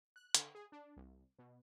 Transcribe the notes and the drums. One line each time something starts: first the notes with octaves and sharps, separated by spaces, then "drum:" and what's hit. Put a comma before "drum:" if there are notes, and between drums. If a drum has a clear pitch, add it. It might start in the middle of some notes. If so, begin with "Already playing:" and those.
F#6
D3, drum: hi-hat
G#4
D4
C2
B2